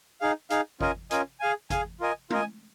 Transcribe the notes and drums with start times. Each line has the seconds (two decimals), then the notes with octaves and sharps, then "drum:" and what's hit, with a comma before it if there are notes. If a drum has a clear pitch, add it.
0.21 D#4 G#4 F5
0.50 D#4 G#4 F5, drum: hi-hat
0.81 C#4 F4 A#4 D#5 G#5, drum: kick G#1
1.11 C#4 F4 A#4 D#5 G#5, drum: hi-hat
1.40 G#4 F5 G#5
1.70 G#4 F5 G#5, drum: kick G#1, hi-hat
2.00 F4 A#4 D#5 G#5
2.30 F4 A#4 D#5 G#5, drum: tom G#3